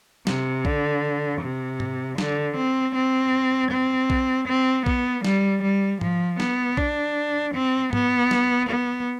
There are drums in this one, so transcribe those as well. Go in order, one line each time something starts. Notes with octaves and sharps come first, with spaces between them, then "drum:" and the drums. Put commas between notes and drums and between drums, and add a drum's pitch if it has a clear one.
C3, drum: snare
D3, drum: kick A#1
C3
drum: tom G#2
D3, drum: snare
C4
C4
C4
drum: kick A#1
C4
B3, drum: kick A#1
G3, drum: snare
G3
F3, drum: tom G#2
B3, drum: snare
D4, drum: kick A#1
C4
B3, drum: tom G#2
drum: snare
B3